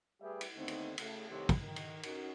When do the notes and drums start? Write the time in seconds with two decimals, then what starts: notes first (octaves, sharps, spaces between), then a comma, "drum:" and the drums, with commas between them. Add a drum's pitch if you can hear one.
0.21 G3 A3 G4 G#4 B4 E5
0.41 drum: cymbal
0.56 D#2 D3 A3 B3 C4 D#4
0.68 drum: cymbal
0.98 C#3 A3, drum: cymbal
1.30 C2 D#3 A3 C4 G4 C#5
1.49 drum: kick, cymbal
1.62 D#3
1.76 drum: cymbal
2.03 C#4 D#4 F#4 A#4, drum: cymbal